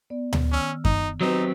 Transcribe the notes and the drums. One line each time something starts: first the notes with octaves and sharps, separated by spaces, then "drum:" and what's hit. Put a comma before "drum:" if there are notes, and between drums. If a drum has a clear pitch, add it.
B3 D5
drum: tom D2
D#3 C#4 E6 F6
D#4, drum: kick F#2
F#3 C4 D#4 F#4 G4 B4